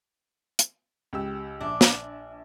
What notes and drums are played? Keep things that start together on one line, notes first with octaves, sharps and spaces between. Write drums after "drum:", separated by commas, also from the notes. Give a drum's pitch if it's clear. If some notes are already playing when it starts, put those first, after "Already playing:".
drum: hi-hat
C#2 G4 E6
A#1 D4 E5
drum: snare